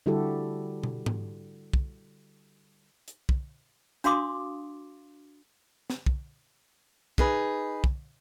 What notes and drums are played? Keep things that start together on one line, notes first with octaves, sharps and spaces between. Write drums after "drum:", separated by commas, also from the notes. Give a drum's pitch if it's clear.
D3 G3 E4 F#4 G4 A4
drum: tom
drum: tom G#2
drum: kick
drum: hi-hat
drum: kick
D4 F#4 F5 C6 D6 D#6, drum: hi-hat
drum: snare
drum: kick
D#4 G#4 B4, drum: kick
drum: kick